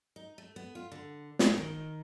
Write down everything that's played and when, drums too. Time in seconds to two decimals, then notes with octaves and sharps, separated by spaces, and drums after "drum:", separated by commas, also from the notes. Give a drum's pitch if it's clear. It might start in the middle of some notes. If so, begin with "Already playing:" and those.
0.16 D#4
0.38 A3
0.56 B3
0.75 F4
0.92 D3
1.39 A#2, drum: snare
1.58 D#3